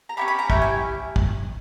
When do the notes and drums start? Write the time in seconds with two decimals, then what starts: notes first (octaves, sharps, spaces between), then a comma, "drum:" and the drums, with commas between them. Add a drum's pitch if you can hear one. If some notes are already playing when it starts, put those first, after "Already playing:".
0.09 A#5
0.17 C#4 E4 G4 B5
0.28 B5
0.39 A#5
0.50 C#4 E4 G4 G5, drum: kick
0.62 G#5
1.16 drum: kick